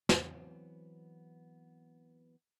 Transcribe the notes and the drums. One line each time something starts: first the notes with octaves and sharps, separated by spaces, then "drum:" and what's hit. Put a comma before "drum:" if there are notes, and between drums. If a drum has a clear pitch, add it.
E3 F#3 B3 C4, drum: snare